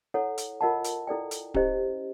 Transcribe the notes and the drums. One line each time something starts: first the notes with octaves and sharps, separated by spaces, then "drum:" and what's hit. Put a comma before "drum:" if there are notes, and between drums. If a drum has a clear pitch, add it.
E4 A4 C#5 F#5
drum: hi-hat
F4 A#4 D#5 F#5 A5
drum: hi-hat
E4 A4 D5 G5
drum: hi-hat
C#4 E4 G4 C5 D#5, drum: kick D1